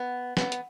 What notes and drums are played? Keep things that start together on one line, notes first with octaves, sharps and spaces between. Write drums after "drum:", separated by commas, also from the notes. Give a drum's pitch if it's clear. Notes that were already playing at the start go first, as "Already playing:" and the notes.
Already playing: B3
B3, drum: snare
drum: hi-hat